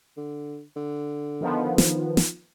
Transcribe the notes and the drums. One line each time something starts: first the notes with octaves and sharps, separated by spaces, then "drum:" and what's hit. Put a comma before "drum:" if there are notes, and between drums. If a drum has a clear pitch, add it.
D3
D3
D#3 F3 B3
drum: snare
drum: snare